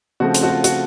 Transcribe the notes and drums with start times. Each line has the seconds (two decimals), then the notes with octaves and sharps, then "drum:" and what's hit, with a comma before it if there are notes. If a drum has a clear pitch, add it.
0.20 C#3 F3 A3 C4 F#4
0.34 F4, drum: hi-hat
0.43 F#4
0.49 F4
0.64 F#4, drum: hi-hat